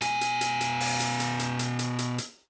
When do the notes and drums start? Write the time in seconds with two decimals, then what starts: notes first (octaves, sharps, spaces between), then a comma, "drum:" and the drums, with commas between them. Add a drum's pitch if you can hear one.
0.01 B2 G#5, drum: hi-hat
0.21 drum: hi-hat
0.41 drum: hi-hat
0.61 drum: hi-hat
0.80 drum: open hi-hat
1.00 drum: hi-hat
1.20 drum: hi-hat
1.39 drum: hi-hat
1.59 drum: hi-hat
1.79 drum: hi-hat
1.99 drum: hi-hat
2.18 drum: hi-hat